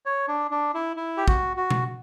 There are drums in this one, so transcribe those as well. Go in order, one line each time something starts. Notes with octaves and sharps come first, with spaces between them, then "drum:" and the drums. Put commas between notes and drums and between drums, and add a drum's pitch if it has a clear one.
C#5
D4
D4
E4
E4
G4
F#4, drum: kick
F#4
drum: tom B2